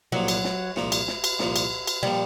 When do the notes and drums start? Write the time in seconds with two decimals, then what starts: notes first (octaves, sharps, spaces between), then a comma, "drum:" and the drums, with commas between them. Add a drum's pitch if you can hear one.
0.12 C2 A#2 F3 F#3
0.28 drum: cymbal
0.44 drum: snare
0.76 C2 A#2 F3, drum: snare
0.92 drum: cymbal
1.08 drum: snare
1.24 drum: cymbal
1.39 C2 A#2 F3, drum: snare
1.56 drum: cymbal
1.87 drum: cymbal
2.03 A#2 F3 G3